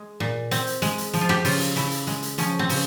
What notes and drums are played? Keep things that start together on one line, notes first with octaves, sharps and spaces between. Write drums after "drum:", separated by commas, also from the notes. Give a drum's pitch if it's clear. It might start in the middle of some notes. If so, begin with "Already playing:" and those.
Already playing: G#3
A#2
C4, drum: hi-hat
drum: hi-hat
G#3, drum: hi-hat
drum: hi-hat
F3, drum: hi-hat
F4
G4, drum: rim click
C#3 F4, drum: open hi-hat
drum: hi-hat
C#3 E4, drum: hi-hat
drum: hi-hat
G#3, drum: hi-hat
drum: hi-hat
F3 C#4, drum: hi-hat
C4
C#3, drum: open hi-hat